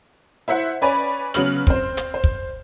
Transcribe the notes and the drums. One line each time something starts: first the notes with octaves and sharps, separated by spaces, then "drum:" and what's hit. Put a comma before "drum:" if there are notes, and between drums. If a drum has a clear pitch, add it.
E4 C5 E5 F#5
C#4 B4 C#5 D5 G#5 B5
C#3 F#3 B3 F6 F#7, drum: hi-hat
C4 C5, drum: kick
drum: hi-hat
C5
drum: kick